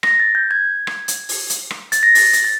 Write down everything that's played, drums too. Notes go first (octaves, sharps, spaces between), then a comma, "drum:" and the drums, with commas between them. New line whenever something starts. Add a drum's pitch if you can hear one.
A#6, drum: rim click
A6
G6
G#6
drum: rim click
drum: hi-hat
drum: open hi-hat
drum: hi-hat
drum: rim click
A6, drum: hi-hat
A#6
A6, drum: open hi-hat
drum: hi-hat
A6